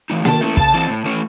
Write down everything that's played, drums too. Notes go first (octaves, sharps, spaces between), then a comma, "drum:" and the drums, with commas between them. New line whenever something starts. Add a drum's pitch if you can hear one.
E3 A3 D#4
D#3 A5, drum: snare A#3
A3 C#4 E4
C#3 A5, drum: kick
E3 C4
A2
E3 A3 C#4